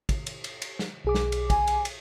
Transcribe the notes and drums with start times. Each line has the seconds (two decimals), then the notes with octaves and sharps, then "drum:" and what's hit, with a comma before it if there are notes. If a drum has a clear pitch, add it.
0.09 drum: kick, cymbal
0.26 drum: cymbal
0.44 drum: cymbal
0.62 drum: cymbal
0.79 drum: snare
1.05 B1 G#4 D6
1.15 drum: snare
1.32 drum: cymbal
1.50 G#5, drum: kick, cymbal
1.67 drum: cymbal
1.85 drum: cymbal